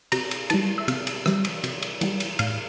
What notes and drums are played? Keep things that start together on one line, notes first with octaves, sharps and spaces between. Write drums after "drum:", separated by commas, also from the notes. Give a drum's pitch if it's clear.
C3 A#5, drum: cymbal
drum: cymbal
E3 G3 A5, drum: cymbal
E5
C3 F5, drum: cymbal
drum: cymbal
E3 G3, drum: rim click
drum: cymbal
C3, drum: cymbal
drum: cymbal
E3 G3, drum: cymbal
drum: cymbal
A2 F5, drum: cymbal